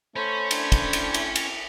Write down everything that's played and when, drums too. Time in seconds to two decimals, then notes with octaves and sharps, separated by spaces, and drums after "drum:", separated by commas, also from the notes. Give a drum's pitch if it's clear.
0.16 A3 C#4 C5 C#5 B5
0.51 D4, drum: cymbal
0.72 drum: kick, cymbal
0.93 drum: cymbal
1.14 drum: cymbal
1.36 drum: cymbal